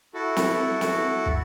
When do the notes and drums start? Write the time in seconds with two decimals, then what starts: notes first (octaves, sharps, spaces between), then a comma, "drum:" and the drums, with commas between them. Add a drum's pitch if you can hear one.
0.14 E4 F#4 A4
0.36 drum: snare
0.81 drum: snare
1.26 drum: kick